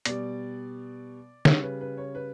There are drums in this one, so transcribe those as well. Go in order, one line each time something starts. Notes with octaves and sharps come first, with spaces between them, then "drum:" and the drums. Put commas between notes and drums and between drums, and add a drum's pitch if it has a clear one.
B2 G3 D5, drum: hi-hat
C#3 G3 C#5, drum: snare
B4
B4
C#5
B4